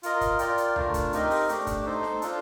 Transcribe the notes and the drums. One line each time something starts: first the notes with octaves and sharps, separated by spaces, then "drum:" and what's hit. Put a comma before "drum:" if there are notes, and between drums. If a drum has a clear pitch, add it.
F4 A#4 D#5, drum: hi-hat
drum: kick, hi-hat
F4 A#4 D5 G5, drum: hi-hat
drum: hi-hat
A3 D4 F4 A#4, drum: tom D2
drum: kick, hi-hat
C4 D#4 G4 A#4 D#5, drum: hi-hat
drum: open hi-hat
A3 D4 G4, drum: hi-hat
drum: kick, hi-hat
D#4 A4 C5
drum: snare
D4 F4 A4, drum: hi-hat